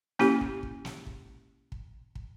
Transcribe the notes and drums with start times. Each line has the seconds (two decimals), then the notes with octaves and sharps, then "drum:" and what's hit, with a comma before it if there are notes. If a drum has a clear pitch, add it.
0.19 A#3 C#4 E4 G4, drum: snare
0.41 drum: kick
0.63 drum: kick
0.85 drum: snare
1.06 drum: kick
1.72 drum: kick
2.15 drum: kick